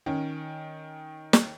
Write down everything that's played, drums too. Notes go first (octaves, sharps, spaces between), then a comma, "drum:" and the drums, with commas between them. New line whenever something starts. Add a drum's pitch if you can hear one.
D#3 C#4
drum: snare